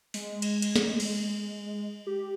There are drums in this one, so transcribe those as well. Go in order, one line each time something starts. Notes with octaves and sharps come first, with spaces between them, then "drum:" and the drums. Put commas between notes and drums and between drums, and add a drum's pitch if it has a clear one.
G#3, drum: open hi-hat
drum: cymbal
drum: cymbal
drum: snare
drum: cymbal
G4